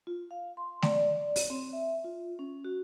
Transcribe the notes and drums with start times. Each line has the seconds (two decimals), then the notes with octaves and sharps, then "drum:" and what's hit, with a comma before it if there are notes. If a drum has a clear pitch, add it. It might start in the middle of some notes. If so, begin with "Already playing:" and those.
0.07 F4
0.31 F5
0.57 C6
0.82 D5, drum: snare A3
0.96 D5
1.36 C#5, drum: open hi-hat
1.50 C4
1.73 E5
2.04 F4
2.39 C#4
2.65 F#4